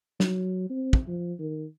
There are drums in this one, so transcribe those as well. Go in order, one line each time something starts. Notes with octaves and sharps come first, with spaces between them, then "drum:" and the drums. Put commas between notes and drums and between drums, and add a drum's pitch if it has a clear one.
F#3, drum: snare
C4
drum: kick
F3
D#3